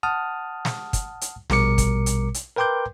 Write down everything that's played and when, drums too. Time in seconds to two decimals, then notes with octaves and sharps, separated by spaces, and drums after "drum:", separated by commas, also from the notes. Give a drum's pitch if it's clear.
0.03 F#5 A5 D#6 F6
0.65 drum: snare
0.93 drum: kick, hi-hat
1.21 drum: hi-hat
1.50 A#1 B2 G3 A#4 D6 C#7, drum: snare
1.78 drum: kick, hi-hat
2.06 drum: hi-hat
2.34 drum: hi-hat
2.57 A#4 B4 G5 C6 D6 G6